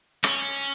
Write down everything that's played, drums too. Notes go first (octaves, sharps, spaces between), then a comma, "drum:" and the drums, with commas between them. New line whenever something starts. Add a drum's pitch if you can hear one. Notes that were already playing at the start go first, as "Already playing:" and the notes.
C#4, drum: rim click